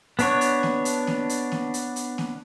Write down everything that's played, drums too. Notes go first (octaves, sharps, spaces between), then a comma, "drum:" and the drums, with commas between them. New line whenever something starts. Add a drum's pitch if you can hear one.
B3 D4 C#5, drum: hi-hat
drum: hi-hat
drum: snare A#3
drum: hi-hat
drum: snare A#3
drum: hi-hat
drum: snare A#3
drum: hi-hat
drum: hi-hat
drum: snare A#3